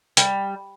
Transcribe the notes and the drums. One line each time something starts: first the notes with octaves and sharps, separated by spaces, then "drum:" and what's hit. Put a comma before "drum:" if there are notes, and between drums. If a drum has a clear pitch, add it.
G3, drum: hi-hat